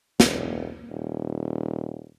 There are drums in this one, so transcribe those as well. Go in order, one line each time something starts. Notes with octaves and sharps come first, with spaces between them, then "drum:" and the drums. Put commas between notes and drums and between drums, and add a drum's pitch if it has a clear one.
E1, drum: snare
D#1